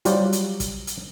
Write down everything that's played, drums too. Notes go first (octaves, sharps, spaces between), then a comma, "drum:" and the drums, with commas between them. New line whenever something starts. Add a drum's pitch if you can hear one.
F#3 G3 F4 F#4 C5 D5, drum: hi-hat
drum: hi-hat
drum: kick, hi-hat
drum: hi-hat